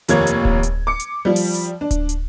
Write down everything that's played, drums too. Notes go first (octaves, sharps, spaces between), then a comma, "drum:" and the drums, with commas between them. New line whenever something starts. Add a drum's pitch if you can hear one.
F1 D#2 F3 A#3 C#5 G#6, drum: hi-hat
drum: hi-hat
drum: kick D1
drum: hi-hat
D6 C#7
drum: hi-hat
F3 G3
drum: open hi-hat
drum: hi-hat
D4
drum: kick D1, hi-hat
drum: hi-hat